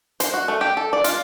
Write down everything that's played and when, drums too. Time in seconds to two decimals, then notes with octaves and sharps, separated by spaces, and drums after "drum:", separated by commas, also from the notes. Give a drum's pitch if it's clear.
0.20 C5, drum: hi-hat
0.34 F#4
0.48 A3
0.61 G4
0.77 A4
0.93 D5
1.04 F4, drum: hi-hat